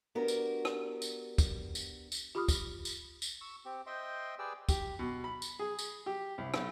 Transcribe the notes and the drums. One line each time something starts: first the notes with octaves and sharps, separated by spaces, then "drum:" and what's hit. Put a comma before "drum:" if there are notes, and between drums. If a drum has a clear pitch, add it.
B3 D4 F#4 G4 A#4
drum: tambourine
drum: rim click
drum: tambourine
drum: kick, tambourine
drum: tambourine
drum: tambourine
F4 G4 B5 D6 D#6 F6
drum: kick, tambourine
drum: tambourine
drum: tambourine
C#6 E6
C4 G4
C5 D#5 E5 G5 C6
G4 G#4 B4 D5 G5 E6
G4, drum: kick, tambourine
B2
B5
drum: tambourine
G#4
drum: tambourine
G4
C2
B1, drum: rim click